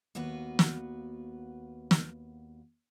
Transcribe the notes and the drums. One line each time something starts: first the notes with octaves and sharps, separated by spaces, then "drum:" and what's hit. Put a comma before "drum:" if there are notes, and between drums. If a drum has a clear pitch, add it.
D#2 A#3 B3 F#4 B4
drum: snare
drum: snare